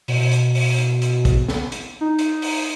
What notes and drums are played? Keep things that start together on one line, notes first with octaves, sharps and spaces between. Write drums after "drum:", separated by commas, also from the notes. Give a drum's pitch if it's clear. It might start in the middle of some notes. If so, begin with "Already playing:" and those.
B2, drum: open hi-hat
drum: hi-hat
drum: open hi-hat
drum: hi-hat
drum: hi-hat
drum: kick, hi-hat
drum: snare
drum: hi-hat
D#4
drum: hi-hat
drum: open hi-hat